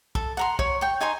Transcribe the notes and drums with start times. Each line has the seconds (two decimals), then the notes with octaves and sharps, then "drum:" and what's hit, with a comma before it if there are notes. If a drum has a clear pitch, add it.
0.15 A4, drum: kick
0.37 F#5 A#5 C6
0.59 C#5, drum: kick
0.81 G5 C#6
1.00 D#4 G#5 A#5 C6